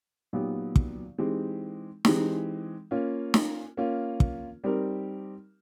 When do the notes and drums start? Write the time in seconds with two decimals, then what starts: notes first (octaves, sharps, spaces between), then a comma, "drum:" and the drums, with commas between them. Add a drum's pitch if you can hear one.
0.33 A#2 F#3 B3 D#4 G4
0.76 drum: kick
1.18 E3 G#3 C4 D#4 G4
2.05 E3 G#3 C4 D#4 G4, drum: snare
2.91 A#3 C#4 F4
3.34 drum: snare
3.77 A#3 C#4 F4
4.20 drum: kick
4.64 G3 C4 D#4 G4 A#4